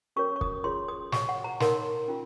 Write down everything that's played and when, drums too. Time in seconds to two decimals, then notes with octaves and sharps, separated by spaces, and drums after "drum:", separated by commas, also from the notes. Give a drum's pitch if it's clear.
0.16 C#4 F#4 A#4 C#5 C#6
0.36 C#6
0.41 D#6, drum: kick
0.64 F4 G#4 C#5 C6
0.88 D#6
1.12 F#4 C#5 C#6, drum: snare
1.29 F#5
1.44 A#5
1.60 D#4 A#4 C#5 C6, drum: snare
2.08 C#4 F4